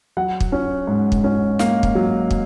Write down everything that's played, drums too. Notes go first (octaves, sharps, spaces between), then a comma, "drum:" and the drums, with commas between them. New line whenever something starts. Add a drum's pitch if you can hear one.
F#3 F#5
drum: kick
C#4
G#2
drum: kick
C#4
A#3 F5, drum: snare
drum: kick
F#3
drum: kick